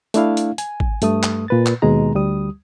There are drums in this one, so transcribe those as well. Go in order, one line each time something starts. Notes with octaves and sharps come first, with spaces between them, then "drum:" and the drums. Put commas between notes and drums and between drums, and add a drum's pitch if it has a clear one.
A3 D4 E4 F5, drum: hi-hat
drum: hi-hat
G#5, drum: hi-hat
drum: kick G#1
G2 A3 D#6, drum: hi-hat
drum: clap
A#2 B4 A6
drum: clap
D#2 B2 G#3 G#4 A#5
D2 G3 D#6